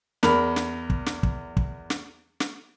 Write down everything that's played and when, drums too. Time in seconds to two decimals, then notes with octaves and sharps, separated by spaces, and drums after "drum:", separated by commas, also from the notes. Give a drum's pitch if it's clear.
0.23 E2 A#4 B5, drum: snare
0.56 drum: snare
0.90 drum: kick
1.06 drum: snare
1.23 drum: kick
1.57 drum: kick
1.90 drum: snare
2.40 drum: snare